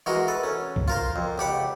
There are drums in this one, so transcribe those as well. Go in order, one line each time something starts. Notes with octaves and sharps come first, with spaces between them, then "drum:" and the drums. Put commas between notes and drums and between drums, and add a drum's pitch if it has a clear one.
E3 G#3 F#4 A#4
A4 B4
C#4
drum: kick
F4 A#4 C5
F2
C#2 G4 F#5 B5